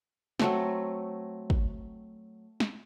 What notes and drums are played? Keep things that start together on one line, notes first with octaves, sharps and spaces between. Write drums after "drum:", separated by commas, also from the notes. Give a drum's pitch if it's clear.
F#3 A3 C4, drum: snare
drum: kick
drum: snare